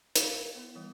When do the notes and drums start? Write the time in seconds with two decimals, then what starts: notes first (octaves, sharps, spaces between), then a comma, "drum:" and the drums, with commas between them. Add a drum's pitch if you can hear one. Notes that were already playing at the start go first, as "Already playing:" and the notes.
0.16 A#4 B4 C#5 F5, drum: hi-hat
0.31 A#4
0.55 B3 E4
0.75 E3 G3 B3